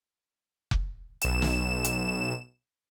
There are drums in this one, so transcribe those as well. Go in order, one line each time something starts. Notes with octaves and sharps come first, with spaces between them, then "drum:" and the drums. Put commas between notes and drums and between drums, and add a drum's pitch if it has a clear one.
drum: kick F1
B1 E7, drum: hi-hat
drum: snare
drum: hi-hat